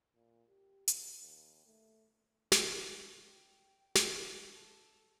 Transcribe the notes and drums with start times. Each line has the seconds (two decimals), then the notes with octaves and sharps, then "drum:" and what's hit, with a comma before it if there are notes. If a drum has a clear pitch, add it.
0.15 A#2
0.49 G4
0.88 C#2, drum: hi-hat
1.20 D#2
1.65 A3
2.52 B5, drum: snare
3.23 G5
3.95 drum: snare
4.48 A4